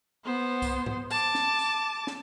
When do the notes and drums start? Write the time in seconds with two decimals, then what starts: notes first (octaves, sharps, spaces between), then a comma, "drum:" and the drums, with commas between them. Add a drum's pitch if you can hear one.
0.24 B3 C5
0.62 drum: kick C2, tambourine
0.86 drum: tom G#2
1.11 A5 D6, drum: tambourine
1.35 drum: snare
1.59 drum: tambourine
2.07 drum: snare